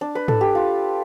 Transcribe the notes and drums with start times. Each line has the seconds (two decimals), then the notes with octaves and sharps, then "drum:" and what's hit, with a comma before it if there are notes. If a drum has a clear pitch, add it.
0.01 D4
0.15 B4
0.28 A4, drum: tom G#2
0.41 G4
0.55 F4